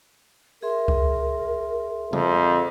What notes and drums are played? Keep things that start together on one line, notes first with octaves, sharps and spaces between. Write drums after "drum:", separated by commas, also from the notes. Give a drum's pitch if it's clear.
G#4 A#4 E5 C6
drum: kick C#2
F2, drum: tom